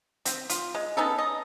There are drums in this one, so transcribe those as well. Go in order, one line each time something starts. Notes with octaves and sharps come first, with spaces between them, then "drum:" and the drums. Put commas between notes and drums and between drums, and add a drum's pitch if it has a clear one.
C4, drum: hi-hat
F4, drum: hi-hat
G#3
B3 C#4 D#4 A4
D#5